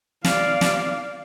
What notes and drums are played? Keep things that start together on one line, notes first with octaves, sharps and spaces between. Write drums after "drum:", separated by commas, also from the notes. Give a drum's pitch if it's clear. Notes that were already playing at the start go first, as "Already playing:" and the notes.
D5 F5, drum: snare
drum: snare